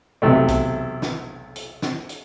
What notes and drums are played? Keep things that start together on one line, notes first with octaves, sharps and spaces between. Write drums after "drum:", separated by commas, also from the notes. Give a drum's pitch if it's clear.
B1 E2 C3 A3
drum: kick, hi-hat
drum: snare
drum: hi-hat
drum: snare
drum: hi-hat